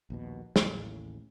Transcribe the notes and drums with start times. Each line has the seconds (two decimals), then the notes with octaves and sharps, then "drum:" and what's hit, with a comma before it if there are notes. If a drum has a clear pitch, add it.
0.10 A#1 D#2 B2
0.56 A1 D#2 A2 C#3, drum: snare